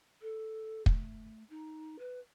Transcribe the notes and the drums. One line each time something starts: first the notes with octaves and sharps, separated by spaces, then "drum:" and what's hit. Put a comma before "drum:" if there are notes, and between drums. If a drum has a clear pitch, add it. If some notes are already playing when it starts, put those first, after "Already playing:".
A4
A3, drum: kick
D#4
B4